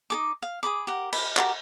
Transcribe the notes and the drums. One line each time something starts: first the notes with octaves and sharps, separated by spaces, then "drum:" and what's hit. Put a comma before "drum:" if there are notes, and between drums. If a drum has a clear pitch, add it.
D#4 A4 D6
F5
G#4 A#4 B5 D6
G4 A#4 F#5
B5, drum: cymbal
F#4 G4 A#4 A#5, drum: clap